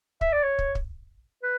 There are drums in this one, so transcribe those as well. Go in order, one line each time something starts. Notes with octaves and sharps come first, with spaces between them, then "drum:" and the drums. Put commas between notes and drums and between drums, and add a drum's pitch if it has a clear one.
E5, drum: kick
D5
C#5
drum: kick
drum: kick
B4